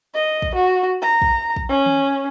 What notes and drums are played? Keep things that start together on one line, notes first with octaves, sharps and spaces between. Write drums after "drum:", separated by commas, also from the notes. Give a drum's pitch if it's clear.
D#5
drum: kick
F#4
A#5
drum: kick
drum: kick
C#4
drum: tom D#3